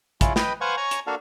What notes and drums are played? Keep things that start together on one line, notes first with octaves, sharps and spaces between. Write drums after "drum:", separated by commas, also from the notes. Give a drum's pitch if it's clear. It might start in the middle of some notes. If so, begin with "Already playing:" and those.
G#3 C#4 E4 F4, drum: kick, hi-hat
B4 D#5 G5 B5, drum: snare
B4 C5 F5 F#5 G#5 C#6
C#5 G#5 A#5 C#6
drum: hi-hat
A#3 D4 F#4 A4 F5